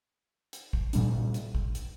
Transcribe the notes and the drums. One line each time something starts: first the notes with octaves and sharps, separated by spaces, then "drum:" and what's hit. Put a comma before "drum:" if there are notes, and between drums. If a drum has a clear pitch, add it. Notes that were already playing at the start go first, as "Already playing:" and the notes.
drum: hi-hat
drum: kick
A#2 G3 D4, drum: hi-hat
drum: hi-hat
drum: kick
drum: hi-hat